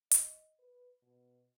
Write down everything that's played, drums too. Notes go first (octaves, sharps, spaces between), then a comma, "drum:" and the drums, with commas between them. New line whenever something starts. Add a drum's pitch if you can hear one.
D#5, drum: hi-hat
B4
B2